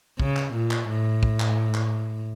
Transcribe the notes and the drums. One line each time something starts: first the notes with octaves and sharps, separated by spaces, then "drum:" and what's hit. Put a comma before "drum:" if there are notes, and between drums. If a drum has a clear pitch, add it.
C#3, drum: kick
drum: clap
A#2
drum: clap
A2
drum: kick
drum: clap
drum: clap